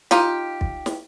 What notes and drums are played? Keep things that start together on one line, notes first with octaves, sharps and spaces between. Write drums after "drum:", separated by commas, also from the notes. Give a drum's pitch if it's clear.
D#4 F4 G4, drum: snare
drum: kick
drum: snare